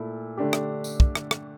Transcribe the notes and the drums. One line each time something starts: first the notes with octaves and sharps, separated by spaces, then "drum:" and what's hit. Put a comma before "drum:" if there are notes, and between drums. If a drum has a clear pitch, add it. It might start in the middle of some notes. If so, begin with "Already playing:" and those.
Already playing: A#2 A3 E4 A4
D3 A3 D4 G4
drum: rim click
drum: tambourine
drum: kick
drum: rim click
drum: rim click